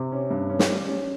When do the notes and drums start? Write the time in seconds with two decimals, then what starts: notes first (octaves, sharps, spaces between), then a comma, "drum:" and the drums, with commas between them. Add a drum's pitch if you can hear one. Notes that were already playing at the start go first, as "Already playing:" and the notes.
Already playing: C3
0.12 C#4
0.31 G2
0.50 C#4
0.59 drum: snare
0.69 G3
0.88 C#4